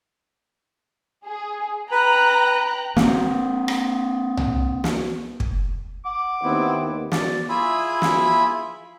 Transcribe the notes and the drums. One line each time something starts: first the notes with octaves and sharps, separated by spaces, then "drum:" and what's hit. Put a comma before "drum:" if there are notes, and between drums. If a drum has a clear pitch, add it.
G#4
B4 G5 A#5 F#6
A#3 C4, drum: snare
drum: rim click
drum: tom C2
drum: snare
drum: kick
F#5 D6
D#2 B3 C4 E4
D5, drum: snare
E4 F4 G#4 E5 B5
drum: snare